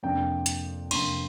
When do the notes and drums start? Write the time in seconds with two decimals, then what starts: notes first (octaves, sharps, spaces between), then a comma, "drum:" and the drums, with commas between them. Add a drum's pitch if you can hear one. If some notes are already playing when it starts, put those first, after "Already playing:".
0.03 F2 C3 A#3 D4 G5
0.46 drum: hi-hat
0.91 F2 C3 A#3 D4 C6, drum: cymbal